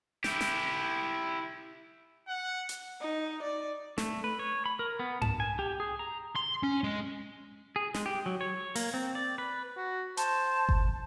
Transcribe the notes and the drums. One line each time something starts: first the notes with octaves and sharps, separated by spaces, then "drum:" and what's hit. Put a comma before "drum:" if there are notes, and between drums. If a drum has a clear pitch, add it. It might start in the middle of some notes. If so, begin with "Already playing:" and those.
E4 G4, drum: snare
drum: snare
F#5
drum: hi-hat
D#4
D5
A3, drum: snare
B4
C#5
B5
A#4
B3
A5, drum: tom G2
G#5
G4
G#4
A#5
C6
C#4
G#3
G#4
G#3, drum: snare
G4
F#3
C#5
A#3, drum: open hi-hat
C4
D5
B4
F#4
C5 A5, drum: hi-hat
drum: kick G1